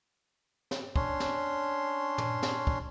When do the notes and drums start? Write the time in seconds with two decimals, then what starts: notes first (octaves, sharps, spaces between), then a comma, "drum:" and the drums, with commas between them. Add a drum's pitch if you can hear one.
0.71 drum: snare
0.96 C#4 D4 C#5 C6, drum: kick
1.20 drum: snare
2.18 drum: tom
2.43 drum: snare
2.67 drum: kick